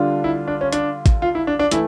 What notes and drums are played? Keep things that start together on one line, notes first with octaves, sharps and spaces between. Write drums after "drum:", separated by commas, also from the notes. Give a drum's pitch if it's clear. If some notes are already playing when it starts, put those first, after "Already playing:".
Already playing: D3 G3 D4 F4
E4
D4
C#4
D4, drum: hi-hat
drum: kick, hi-hat
F4
E4
D4
D4
E3 A3 E4, drum: hi-hat